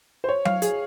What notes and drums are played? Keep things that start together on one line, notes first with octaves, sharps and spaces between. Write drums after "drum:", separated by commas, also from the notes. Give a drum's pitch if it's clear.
C5
C#5
F5, drum: tom F#3
G#4, drum: hi-hat